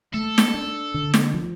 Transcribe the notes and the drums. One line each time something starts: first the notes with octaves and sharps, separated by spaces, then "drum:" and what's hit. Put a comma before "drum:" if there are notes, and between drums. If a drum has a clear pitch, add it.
A3 A4
drum: snare
D4
D3
drum: snare
F3